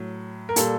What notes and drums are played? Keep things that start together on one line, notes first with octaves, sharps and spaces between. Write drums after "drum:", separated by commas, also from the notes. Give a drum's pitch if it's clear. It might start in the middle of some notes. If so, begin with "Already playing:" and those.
Already playing: A2 F#3
A#4
A#2 G3 A4, drum: hi-hat